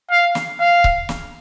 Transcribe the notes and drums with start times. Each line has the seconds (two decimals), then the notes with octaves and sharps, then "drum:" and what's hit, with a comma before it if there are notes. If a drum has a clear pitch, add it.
0.11 F5
0.35 drum: snare
0.59 F5
0.84 drum: kick C#1
1.09 drum: snare